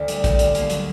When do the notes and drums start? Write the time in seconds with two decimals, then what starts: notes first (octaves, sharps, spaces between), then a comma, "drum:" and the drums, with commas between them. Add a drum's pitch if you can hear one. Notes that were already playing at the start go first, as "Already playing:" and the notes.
Already playing: D2 D3
0.08 G3, drum: hi-hat
0.24 G3, drum: kick A#1, hi-hat
0.39 A#3, drum: hi-hat
0.55 A#3, drum: hi-hat
0.70 F#3, drum: hi-hat